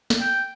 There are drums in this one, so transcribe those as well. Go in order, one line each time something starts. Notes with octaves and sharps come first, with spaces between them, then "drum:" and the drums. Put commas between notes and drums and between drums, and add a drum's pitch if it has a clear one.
drum: snare
G5